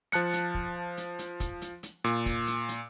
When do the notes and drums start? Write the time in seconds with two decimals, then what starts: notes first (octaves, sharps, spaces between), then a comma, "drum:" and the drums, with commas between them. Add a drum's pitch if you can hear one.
0.12 F3 A5 F#6 C#7, drum: hi-hat
0.33 drum: hi-hat
0.54 drum: kick
0.97 drum: hi-hat
1.19 drum: hi-hat
1.40 drum: kick, hi-hat
1.62 drum: hi-hat
1.83 drum: hi-hat
2.04 A#2, drum: hi-hat
2.26 drum: kick, hi-hat
2.47 drum: hi-hat
2.69 drum: hi-hat